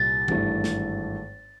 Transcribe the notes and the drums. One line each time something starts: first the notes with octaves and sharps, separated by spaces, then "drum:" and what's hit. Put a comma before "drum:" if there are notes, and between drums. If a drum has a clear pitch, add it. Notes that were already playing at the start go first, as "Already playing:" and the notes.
Already playing: C2 A#2 G3 A6
G#1 G2 E3 A3, drum: tom D#3
drum: snare